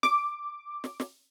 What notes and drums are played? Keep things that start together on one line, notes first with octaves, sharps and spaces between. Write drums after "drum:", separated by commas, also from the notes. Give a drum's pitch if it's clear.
D6, drum: snare
drum: snare
drum: snare